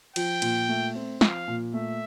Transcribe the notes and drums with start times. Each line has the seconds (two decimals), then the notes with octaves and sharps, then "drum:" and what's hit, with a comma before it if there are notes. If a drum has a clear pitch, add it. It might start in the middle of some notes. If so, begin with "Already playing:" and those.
0.16 F3 G5, drum: cymbal
0.42 A#2, drum: cymbal
0.69 A3
0.95 C4
1.21 F3 F5, drum: snare
1.48 A#2
1.74 A3 E5